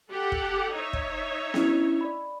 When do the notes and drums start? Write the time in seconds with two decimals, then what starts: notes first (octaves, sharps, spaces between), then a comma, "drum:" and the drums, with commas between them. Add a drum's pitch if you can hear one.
0.11 G4 A4 F#5
0.32 drum: kick
0.74 D#4 C#5 E5
0.93 drum: kick
1.54 C#4 D4 E4, drum: snare B3
2.01 D5 B5